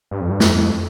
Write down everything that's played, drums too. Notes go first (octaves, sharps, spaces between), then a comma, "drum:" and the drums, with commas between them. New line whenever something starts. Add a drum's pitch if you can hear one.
G2
F2
G2
F2, drum: snare
F2